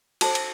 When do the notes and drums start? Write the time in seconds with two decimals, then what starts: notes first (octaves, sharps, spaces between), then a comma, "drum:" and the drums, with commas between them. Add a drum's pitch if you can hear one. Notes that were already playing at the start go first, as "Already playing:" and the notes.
0.21 F#4 A4 C5 A5, drum: cymbal
0.35 drum: cymbal